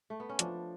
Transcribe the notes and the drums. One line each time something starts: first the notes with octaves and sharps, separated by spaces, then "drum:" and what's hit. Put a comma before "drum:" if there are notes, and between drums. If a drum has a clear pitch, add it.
A3
B3
C#4
F3 D4, drum: hi-hat